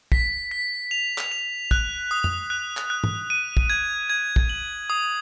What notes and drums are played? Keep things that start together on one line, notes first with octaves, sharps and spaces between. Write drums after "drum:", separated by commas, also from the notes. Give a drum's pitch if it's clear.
B6, drum: kick
B6
F7
drum: clap
F7
F#6, drum: kick
D#6
drum: tom
F#6
drum: clap
F#6
drum: tom
D#7
drum: kick
G#6
G#6
drum: kick
F#7
D#6